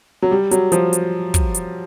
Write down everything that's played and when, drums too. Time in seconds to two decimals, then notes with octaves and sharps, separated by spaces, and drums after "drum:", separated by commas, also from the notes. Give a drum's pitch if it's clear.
0.22 F#3
0.31 G3
0.51 F#3, drum: hi-hat
0.72 F3, drum: hi-hat
0.93 drum: hi-hat
1.34 drum: kick, hi-hat
1.54 drum: hi-hat